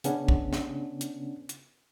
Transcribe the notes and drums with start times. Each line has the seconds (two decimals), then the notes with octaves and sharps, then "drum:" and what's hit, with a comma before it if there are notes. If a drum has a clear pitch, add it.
0.04 C#3 B3 C#4 D4, drum: hi-hat
0.28 drum: kick A#1
0.53 drum: snare
1.01 drum: hi-hat
1.49 drum: hi-hat